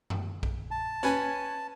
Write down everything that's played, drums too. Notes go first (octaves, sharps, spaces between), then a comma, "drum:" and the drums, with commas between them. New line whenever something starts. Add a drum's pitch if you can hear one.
drum: tom F#2
drum: kick B1
A5
C#4 B4 G#5, drum: hi-hat